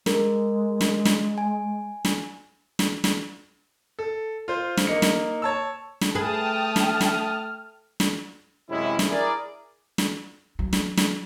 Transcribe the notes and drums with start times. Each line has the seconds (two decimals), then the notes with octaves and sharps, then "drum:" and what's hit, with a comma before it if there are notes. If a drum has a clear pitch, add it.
0.06 G#3 G#4 A#4, drum: snare
0.81 drum: snare
1.05 drum: snare
1.38 G#5
2.05 drum: snare
2.79 drum: snare
3.04 drum: snare
3.99 A4
4.48 F4 C5
4.77 drum: snare
4.87 A#3 D#4 C#7
5.02 drum: snare
5.42 C#5 A5 E6
6.01 drum: snare
6.15 A3 G#4 B4 G5 A5 D#6 F6
6.76 drum: snare
7.01 drum: snare
8.00 drum: snare
8.70 F#2 C3 G#3 C#4 E4
8.99 drum: snare
9.10 E4 G#4 A#4 D5
9.98 drum: snare
10.59 F#3
10.73 drum: snare
10.97 drum: snare